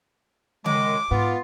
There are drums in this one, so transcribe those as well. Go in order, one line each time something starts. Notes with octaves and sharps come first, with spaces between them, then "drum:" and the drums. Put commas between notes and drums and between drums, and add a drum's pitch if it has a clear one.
F#2 D#3 G#3 D6, drum: tom C#3
G#2 B3 F4